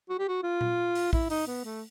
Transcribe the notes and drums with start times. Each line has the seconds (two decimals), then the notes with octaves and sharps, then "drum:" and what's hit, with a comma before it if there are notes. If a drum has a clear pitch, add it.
0.09 F#4
0.19 G4
0.29 F#4
0.43 F4
0.61 drum: tom A#2
0.95 drum: open hi-hat
1.13 E4, drum: kick
1.30 D#4, drum: open hi-hat
1.47 B3
1.65 A3